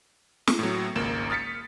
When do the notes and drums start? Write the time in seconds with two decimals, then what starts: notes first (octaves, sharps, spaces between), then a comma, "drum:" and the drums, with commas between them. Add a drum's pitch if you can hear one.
0.47 drum: snare
0.59 A2 F#3
0.95 G#1 C#2 A#3 E7
1.30 D#6 F6 A6 B6 C#7